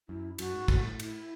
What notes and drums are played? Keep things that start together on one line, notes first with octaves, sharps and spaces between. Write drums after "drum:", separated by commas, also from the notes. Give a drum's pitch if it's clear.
F#2 E4
F#2 F#4, drum: cymbal
G#2
A2, drum: kick
E4, drum: cymbal